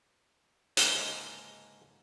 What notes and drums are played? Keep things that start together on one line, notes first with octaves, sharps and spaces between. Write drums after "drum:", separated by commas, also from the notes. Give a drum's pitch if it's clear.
C#2 G#2 D3 A#3 D#5, drum: hi-hat